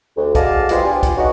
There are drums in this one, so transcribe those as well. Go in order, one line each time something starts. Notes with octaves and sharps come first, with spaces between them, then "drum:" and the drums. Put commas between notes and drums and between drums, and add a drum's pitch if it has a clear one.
D2
F#4 G#4 D5 D#5 F5 A5, drum: kick, hi-hat
F3 G3 G#3 B3 F4, drum: hi-hat
D4 F4 G4 G#5
drum: kick, hi-hat
F#3 G#3 B3 D#4 F#4